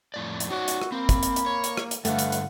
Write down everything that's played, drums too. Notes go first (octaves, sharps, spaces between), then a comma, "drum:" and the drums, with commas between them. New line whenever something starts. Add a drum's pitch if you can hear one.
F2 A2 D5
drum: hi-hat
D#4 F#4 C#5 D5
drum: hi-hat
drum: rim click
A#3 C4 B5
drum: kick, hi-hat
drum: hi-hat
drum: hi-hat
C#5
drum: hi-hat
drum: rim click
drum: hi-hat
G2 D3 A3 B4 F5 F#5, drum: hi-hat
drum: hi-hat
drum: hi-hat